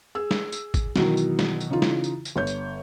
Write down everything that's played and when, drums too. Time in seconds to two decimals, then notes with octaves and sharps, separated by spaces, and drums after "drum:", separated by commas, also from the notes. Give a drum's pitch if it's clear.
0.15 G#4 E6
0.31 drum: snare
0.52 drum: tambourine
0.74 drum: kick, tambourine
0.96 B2 D#3 E3 F#3, drum: snare
1.17 drum: tambourine
1.39 drum: snare
1.60 drum: tambourine
1.70 C#3 E3 D#4 F4
1.82 drum: snare
2.04 drum: tambourine
2.25 drum: tambourine
2.36 G1 C#5 G6
2.47 drum: tambourine